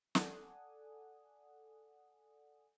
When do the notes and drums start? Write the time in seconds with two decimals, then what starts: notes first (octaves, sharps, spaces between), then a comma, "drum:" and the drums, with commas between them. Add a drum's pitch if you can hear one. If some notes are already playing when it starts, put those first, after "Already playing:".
0.15 A4 D5 F#5 G#5 D#6, drum: snare